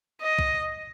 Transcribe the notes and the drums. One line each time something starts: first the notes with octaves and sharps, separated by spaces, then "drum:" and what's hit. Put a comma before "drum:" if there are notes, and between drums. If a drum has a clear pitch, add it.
D#5
drum: kick C2